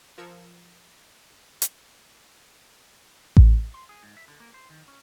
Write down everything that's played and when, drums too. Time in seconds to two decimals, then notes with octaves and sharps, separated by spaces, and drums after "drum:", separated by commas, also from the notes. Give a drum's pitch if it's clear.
0.18 F3 A#4 E6 G#6 C#7 E7
1.62 drum: hi-hat
3.37 drum: kick A1
3.74 C6
3.89 G#4
4.03 G#2
4.17 E5
4.28 D3
4.40 A#3
4.54 C5
4.70 D#3
4.88 C#4